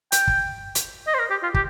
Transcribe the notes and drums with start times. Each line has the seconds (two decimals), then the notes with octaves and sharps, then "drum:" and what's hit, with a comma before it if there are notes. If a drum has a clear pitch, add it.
0.12 G5, drum: hi-hat
0.28 drum: kick
0.75 drum: hi-hat
1.07 D#5
1.14 C5
1.19 A#4
1.30 G4
1.43 F4
1.54 G4, drum: kick